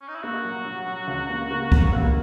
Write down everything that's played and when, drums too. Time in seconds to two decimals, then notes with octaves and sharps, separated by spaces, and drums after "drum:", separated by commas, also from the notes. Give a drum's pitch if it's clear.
0.02 C#4
0.08 D#4
0.15 E4
0.23 A#3 F#4
0.45 F#3
0.65 F#3
0.87 F#3
1.07 C#2
1.29 A#3
1.51 A#3
1.72 F#3, drum: kick
1.83 F#4
1.92 A#3 E4